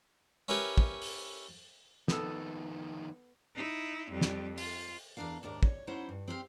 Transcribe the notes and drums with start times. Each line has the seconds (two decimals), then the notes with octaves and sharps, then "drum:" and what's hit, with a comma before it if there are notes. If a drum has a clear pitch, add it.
0.48 C#4 E4 G4 A#4 B4 C#5
0.78 drum: kick
1.02 drum: open hi-hat
2.08 F2 D#3 B3 A4, drum: snare
3.55 D#4 E4
4.12 F2 G3
4.21 drum: snare
4.58 F4, drum: open hi-hat
5.17 E2 D3 D4 A#4 F5
5.43 D#2 G#2 D4 A#4
5.63 C#5, drum: kick
5.87 F#3 C#4 D#4 E4 C5 F#5
6.09 G2
6.28 C4 G4 A4 F5